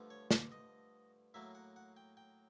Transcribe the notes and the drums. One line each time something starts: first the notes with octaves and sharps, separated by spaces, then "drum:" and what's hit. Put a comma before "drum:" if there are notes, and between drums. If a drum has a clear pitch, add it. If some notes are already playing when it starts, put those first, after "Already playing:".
Already playing: G2 D3 F3 A3
C#5
D5, drum: snare
D#5
A2 F#3 A#3 E5
F#5
F#5
G5
G5